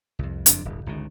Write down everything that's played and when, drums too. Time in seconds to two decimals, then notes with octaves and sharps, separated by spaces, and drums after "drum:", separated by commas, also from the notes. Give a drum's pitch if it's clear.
0.19 C2 F2
0.46 F#1 F2 D4, drum: hi-hat
0.65 D1 G1
0.86 G1 C#2 D#3